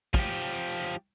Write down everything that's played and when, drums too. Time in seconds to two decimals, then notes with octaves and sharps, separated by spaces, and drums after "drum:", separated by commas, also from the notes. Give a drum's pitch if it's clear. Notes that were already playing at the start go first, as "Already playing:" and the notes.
0.14 F3 G4, drum: kick